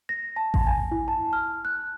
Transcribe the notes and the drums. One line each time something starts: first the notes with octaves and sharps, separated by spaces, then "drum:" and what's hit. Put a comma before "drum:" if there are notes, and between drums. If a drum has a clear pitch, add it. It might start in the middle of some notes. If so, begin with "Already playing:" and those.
A#6
A5
drum: kick A1
G#5
E4
A5
F6
F#6